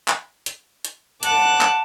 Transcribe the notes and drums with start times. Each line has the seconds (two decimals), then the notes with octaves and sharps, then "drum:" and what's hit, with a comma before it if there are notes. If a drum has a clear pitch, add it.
0.08 drum: clap
0.46 drum: hi-hat
0.85 drum: hi-hat
1.23 F#5 A5 D6 F#6, drum: hi-hat
1.61 drum: clap